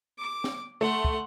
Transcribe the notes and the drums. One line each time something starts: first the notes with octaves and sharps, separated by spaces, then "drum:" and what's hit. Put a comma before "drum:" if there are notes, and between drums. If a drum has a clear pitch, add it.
D6
drum: snare
A3 F#5 C6
drum: kick